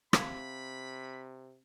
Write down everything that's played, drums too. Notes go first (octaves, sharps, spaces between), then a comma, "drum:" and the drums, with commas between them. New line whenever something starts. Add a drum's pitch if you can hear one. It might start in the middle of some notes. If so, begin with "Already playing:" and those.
C3 C4 F5 B5 G#6, drum: rim click